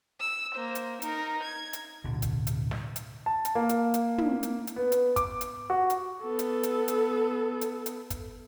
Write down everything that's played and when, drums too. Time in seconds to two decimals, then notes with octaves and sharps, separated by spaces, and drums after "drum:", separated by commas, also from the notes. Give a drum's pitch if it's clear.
0.20 E6
0.55 A#3 C5
0.75 drum: hi-hat
1.02 D#4 A#4, drum: hi-hat
1.43 G#6
1.73 drum: hi-hat
2.04 D1 B2 D3
2.22 drum: kick, hi-hat
2.47 drum: hi-hat
2.71 drum: snare
2.96 drum: hi-hat
3.26 A5
3.45 drum: hi-hat
3.55 A#3
3.69 drum: hi-hat
3.94 drum: hi-hat
4.18 drum: tom
4.43 drum: hi-hat
4.67 drum: hi-hat
4.76 B3
4.92 drum: hi-hat
5.16 D6, drum: kick, hi-hat
5.41 drum: hi-hat
5.70 F#4
5.90 drum: hi-hat
6.23 B3 A4
6.39 drum: hi-hat
6.63 drum: hi-hat
6.88 drum: hi-hat
7.61 drum: hi-hat
7.86 drum: hi-hat
8.10 drum: kick, hi-hat